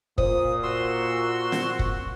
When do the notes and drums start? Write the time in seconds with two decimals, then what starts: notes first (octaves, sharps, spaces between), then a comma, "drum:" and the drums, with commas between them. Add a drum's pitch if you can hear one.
0.18 A#2 C5 D#6, drum: kick
0.63 F#4 C6 E6
1.52 drum: snare
1.79 drum: kick